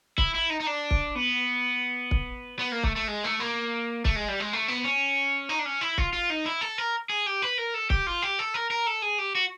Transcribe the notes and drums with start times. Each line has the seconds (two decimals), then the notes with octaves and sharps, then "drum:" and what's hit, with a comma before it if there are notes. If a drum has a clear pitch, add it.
0.18 E4, drum: kick
0.34 E4
0.50 D#4
0.60 D#4
0.66 D4
0.91 drum: kick
1.15 B3
2.11 drum: kick
2.59 B3
2.72 A#3
2.83 A3, drum: kick
2.96 A3
3.08 G#3
3.24 A3
3.40 A#3
4.05 A3, drum: kick
4.16 G#3
4.28 G3
4.40 G#3
4.53 A3
4.68 B3
4.84 C#4
5.49 D#4
5.59 D4
5.66 C#4
5.81 E4
5.98 F4, drum: kick
6.13 F4
6.30 D#4
6.46 E4
6.61 A4
6.78 A#4
7.09 G#4
7.26 G4
7.42 B4
7.58 A#4
7.74 A4
7.90 G4, drum: kick
8.07 F4
8.22 G4
8.39 A4
8.54 A#4
8.71 A#4
8.87 A4
9.02 G#4
9.19 G4
9.35 F#4